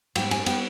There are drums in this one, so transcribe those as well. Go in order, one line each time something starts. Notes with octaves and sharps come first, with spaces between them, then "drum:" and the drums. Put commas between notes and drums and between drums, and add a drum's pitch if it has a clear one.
G#2 G3 B3 G5, drum: cymbal
G#5, drum: cymbal
G3 B3 G5, drum: cymbal